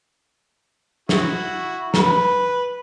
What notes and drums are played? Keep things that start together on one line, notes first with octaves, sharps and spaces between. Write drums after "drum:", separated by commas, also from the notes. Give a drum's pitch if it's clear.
E4 F#4, drum: snare
B4, drum: snare